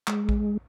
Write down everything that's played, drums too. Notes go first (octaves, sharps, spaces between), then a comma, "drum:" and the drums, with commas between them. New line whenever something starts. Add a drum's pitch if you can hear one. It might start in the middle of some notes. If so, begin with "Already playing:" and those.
G#3, drum: clap
drum: kick A#1